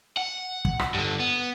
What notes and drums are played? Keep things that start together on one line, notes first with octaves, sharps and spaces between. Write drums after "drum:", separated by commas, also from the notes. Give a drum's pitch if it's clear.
F#5
drum: kick
drum: rim click
G2 D3
B3